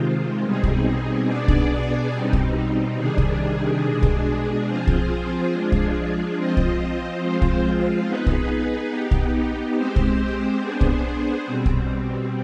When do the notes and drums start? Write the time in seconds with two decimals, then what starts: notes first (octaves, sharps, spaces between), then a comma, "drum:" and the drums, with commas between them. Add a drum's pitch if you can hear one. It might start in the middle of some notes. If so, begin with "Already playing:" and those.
Already playing: C3 D#3 G#3 C4 F4
0.43 B2 G3 C4 D#4 G#4
0.63 drum: kick
1.27 B2 B3 D4 G#4 D5
1.48 drum: kick
2.12 B2 G3 C4 D#4
2.33 drum: kick
2.97 C3 D#3 G3 D4 G#4
3.18 drum: kick
3.82 B2 G#3 D4 G#4
4.03 drum: kick
4.66 F3 C4 F4 G#4 C5
4.87 drum: kick
5.51 F3 G#3 D4 F4 G#4
5.72 drum: kick
6.36 F3 C4 F4 C5 D#5
6.57 drum: kick
7.21 F3 G#3 C4 F4 C5
7.42 drum: kick
8.05 B3 D#4 G#4 B4
8.26 drum: kick
8.90 B3 D#4 G4
9.11 drum: kick
9.75 G#3 C4 G4 C5
9.96 drum: kick
10.60 B3 D4 G#4 C5
10.81 drum: kick
11.44 B2 G3 C4
11.66 drum: kick